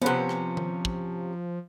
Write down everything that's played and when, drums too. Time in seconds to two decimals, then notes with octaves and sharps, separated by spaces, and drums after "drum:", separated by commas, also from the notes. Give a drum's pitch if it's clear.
0.02 C3 F3 B3 C#4 B4 C5
0.29 drum: rim click
0.57 drum: tom D#3
0.85 drum: kick